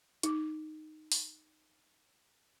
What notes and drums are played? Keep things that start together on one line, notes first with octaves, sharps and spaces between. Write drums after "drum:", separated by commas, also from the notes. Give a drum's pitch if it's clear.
D#4 D6, drum: hi-hat
drum: open hi-hat